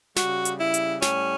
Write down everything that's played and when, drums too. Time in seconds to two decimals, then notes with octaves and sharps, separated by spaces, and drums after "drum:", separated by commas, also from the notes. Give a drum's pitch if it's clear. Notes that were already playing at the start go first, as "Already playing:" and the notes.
0.16 C#3 G3 F#4, drum: snare
0.45 drum: hi-hat
0.59 E4
0.74 drum: hi-hat
1.02 A2 G3 C#4, drum: snare